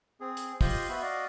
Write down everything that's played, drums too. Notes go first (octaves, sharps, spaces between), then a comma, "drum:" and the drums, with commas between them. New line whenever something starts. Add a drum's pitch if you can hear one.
C4 G#4
drum: hi-hat
F4 G4 C5 D#5 C6, drum: kick, open hi-hat
B3 F#4 E5 B5
F#4 D5 D#5 F5